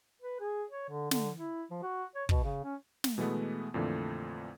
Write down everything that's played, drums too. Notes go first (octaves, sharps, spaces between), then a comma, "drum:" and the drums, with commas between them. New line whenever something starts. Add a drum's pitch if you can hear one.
B4
G#4
C#5
D3
D3, drum: snare
E4
F3
F#4
C#5
B2, drum: kick
C#3
C#4
drum: snare
B2 E3 G#3 A3 B3
F2 A#2 D3 E3 A3